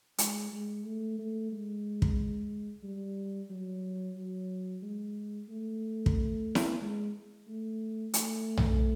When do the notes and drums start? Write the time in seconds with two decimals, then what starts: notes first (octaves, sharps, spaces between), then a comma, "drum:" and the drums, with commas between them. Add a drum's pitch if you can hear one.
0.18 G#3, drum: hi-hat
0.52 G#3
0.85 A3
1.18 A3
1.52 G#3
2.02 drum: kick
2.83 G3
3.50 F#3
4.17 F#3
4.82 G#3
5.49 A3
6.06 drum: kick
6.55 drum: snare E4
6.81 G#3
7.48 A3
8.14 A3, drum: hi-hat
8.57 drum: tom B1